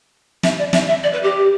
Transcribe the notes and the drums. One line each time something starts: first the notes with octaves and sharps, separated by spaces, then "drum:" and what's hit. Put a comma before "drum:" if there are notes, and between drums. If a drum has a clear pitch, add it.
E5, drum: snare
D5
E5, drum: snare
E5
D5
B4
G4